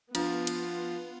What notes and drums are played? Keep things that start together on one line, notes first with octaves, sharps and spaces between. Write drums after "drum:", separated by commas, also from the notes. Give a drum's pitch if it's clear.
F3 B3 D4 F4, drum: cymbal
drum: cymbal